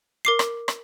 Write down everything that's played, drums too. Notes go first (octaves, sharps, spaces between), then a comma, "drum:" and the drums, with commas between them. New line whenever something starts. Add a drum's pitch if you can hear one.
A#4 D6 C7
drum: rim click
drum: rim click